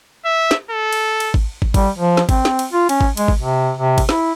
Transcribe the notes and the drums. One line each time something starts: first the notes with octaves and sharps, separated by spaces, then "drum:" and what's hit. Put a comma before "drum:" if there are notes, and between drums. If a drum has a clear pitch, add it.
E5
drum: snare
A4
drum: cymbal
drum: cymbal
drum: kick
drum: kick
G3, drum: kick, cymbal
F3
drum: snare
C4, drum: kick, cymbal
drum: snare
drum: cymbal
F4
C#4, drum: cymbal
drum: kick
G#3, drum: cymbal
drum: kick
C3
C3
drum: kick, cymbal
E4, drum: snare